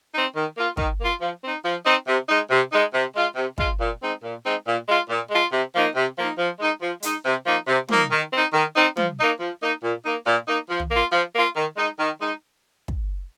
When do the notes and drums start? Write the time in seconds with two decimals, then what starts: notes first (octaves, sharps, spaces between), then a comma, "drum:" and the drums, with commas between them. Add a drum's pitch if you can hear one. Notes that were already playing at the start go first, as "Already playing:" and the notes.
0.13 C4 D#4
0.35 D#3
0.56 A#3 F4
0.77 D#3, drum: kick
0.99 A#3 F4
1.20 F3
1.43 C4 D#4
1.65 F3
1.85 C4 D#4
2.07 C3
2.29 G#3 D#4
2.50 C3
2.72 G#3 D#4
2.93 C3
3.15 G#3 F4
3.36 C3
3.58 G#3 F4, drum: kick
3.80 A#2
4.02 G#3 C4 D#4
4.23 A#2
4.45 G#3 C4 D#4
4.66 A#2
4.87 G#3 F4
5.09 A#2
5.30 G#3 F4
5.52 C3
5.74 F3 A#3 D#4
5.95 C3
6.17 F3 A#3 D#4
6.38 F3
6.60 G#3 D#4
6.81 F3
7.02 G#3 D#4, drum: hi-hat
7.25 C3
7.45 F3 A#3 D#4
7.67 C3
7.88 F3 A#3 D#4, drum: tom
8.11 D#3
8.32 C4 D#4
8.53 D#3
8.76 C4 D#4
8.97 F3, drum: tom
9.19 A#3 D#4
9.40 F3
9.62 A#3 D#4
9.82 A#2
10.04 A#3 D#4
10.26 A#2
10.48 A#3 D#4
10.70 F3
10.80 drum: tom
10.90 A#3 F4
11.12 F3
11.34 A#3 F4
11.56 D#3
11.76 G#3 D#4
11.99 D#3
12.21 G#3 D#4
12.88 drum: kick